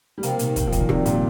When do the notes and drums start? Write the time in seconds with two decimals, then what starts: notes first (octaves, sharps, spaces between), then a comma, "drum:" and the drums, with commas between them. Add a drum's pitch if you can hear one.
0.18 G3
0.23 C3 F3 A#3, drum: hi-hat
0.39 A#2 D#3, drum: hi-hat
0.56 C3, drum: kick, hi-hat
0.67 F3
0.72 A#2, drum: kick, hi-hat
0.80 D#3
0.89 G2 C3, drum: rim click
1.06 A#2, drum: hi-hat